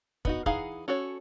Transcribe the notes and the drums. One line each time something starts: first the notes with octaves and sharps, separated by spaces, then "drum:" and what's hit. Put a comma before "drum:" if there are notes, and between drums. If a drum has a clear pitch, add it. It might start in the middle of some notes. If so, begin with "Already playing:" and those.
B3 D#4 F#4, drum: kick
E3 D#4 G#4 F5 F#5, drum: kick
C#4 F#4 A4 C#5